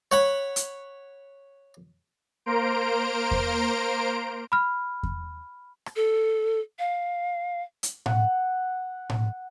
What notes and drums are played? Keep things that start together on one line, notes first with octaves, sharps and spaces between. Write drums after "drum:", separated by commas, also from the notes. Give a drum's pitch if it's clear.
C#5 F#5 B5
drum: hi-hat
A#3 A#4 C5 A#5 C6 D7
drum: kick E2
B5 F6
drum: kick E2
drum: rim click
A4
F5
drum: hi-hat
F#5, drum: tom A2
drum: tom A2